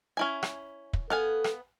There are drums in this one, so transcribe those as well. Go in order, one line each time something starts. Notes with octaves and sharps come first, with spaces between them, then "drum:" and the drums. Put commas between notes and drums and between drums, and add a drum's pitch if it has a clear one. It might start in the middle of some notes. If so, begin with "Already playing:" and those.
C#4 E4 G#5
drum: rim click
drum: kick
B3 A4 F5 G#5
drum: rim click